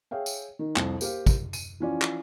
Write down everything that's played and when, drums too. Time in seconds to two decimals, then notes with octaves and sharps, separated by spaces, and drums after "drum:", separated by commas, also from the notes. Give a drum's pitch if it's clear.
0.11 G#4 C#5 E5 F5 G5
0.26 drum: tambourine
0.59 D#3
0.76 C2 F2, drum: clap
1.01 A#3 G4 C5 F5, drum: tambourine
1.26 drum: kick, tambourine
1.53 D#7, drum: tambourine
1.80 E3 F3 C#4 F4 D5
2.02 drum: clap